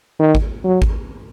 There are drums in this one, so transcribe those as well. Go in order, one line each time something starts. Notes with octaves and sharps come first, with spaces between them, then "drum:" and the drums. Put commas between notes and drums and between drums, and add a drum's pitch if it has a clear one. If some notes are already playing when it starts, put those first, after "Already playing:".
D#3
drum: kick G#1
F#3
drum: kick G#1